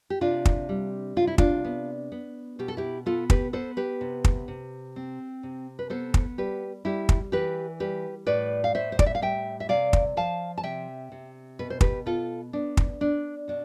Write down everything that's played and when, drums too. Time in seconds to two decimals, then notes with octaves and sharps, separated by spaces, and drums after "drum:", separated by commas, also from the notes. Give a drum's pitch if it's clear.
0.10 G4
0.21 C3 D4 F4
0.45 drum: kick
0.69 G3
1.16 C3 F4
1.27 E4
1.38 D4 F4, drum: kick
1.65 B3
2.12 B3
2.59 B2 G4
2.68 A4
2.77 E4 G4
3.06 B3 F4 A4
3.30 G4 B4, drum: kick
3.53 B3 A4 C5
3.77 G4 B4
4.01 C3
4.24 drum: kick
4.48 C3
4.96 C4
5.43 C3
5.79 B4
5.90 B3 A4 C5
6.14 drum: kick
6.38 G3 G4 B4
6.85 G3 E4 G4
7.09 drum: kick
7.32 E3 G4 B4
7.80 G3 G4 B4
8.27 A2 B4 D5
8.64 F5
8.75 A2 C5 E5
8.92 C5
8.99 D5, drum: kick
9.06 E5
9.15 F5
9.21 G3 E5 G5
9.60 E5
9.69 C3 D5 F5
9.93 drum: kick
10.17 F3 F5 A5
10.58 A5
10.64 C3 E5 G5
11.12 C3
11.59 B2 B4
11.70 C5
11.81 G4 B4, drum: kick
12.06 B3 F4 A4
12.53 B3 D4
12.77 drum: kick
13.01 B3 D4
13.48 B2 D4